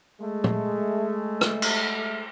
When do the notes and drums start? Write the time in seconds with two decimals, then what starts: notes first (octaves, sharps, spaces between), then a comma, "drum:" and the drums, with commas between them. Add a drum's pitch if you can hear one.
0.21 G#3 A3
0.44 drum: tom
1.41 drum: rim click
1.62 drum: cymbal